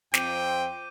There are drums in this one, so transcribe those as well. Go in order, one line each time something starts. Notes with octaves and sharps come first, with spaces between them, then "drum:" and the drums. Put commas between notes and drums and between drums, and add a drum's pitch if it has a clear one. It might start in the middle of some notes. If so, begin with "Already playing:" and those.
F2 C4 G5 D6 G6 D#7, drum: snare